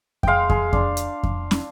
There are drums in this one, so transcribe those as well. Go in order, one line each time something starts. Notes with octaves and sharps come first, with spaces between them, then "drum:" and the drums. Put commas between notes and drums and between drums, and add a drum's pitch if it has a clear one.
G#3 F5 G5, drum: kick F2
G#3, drum: kick F2
D4, drum: kick F2
drum: hi-hat
drum: kick F2
drum: snare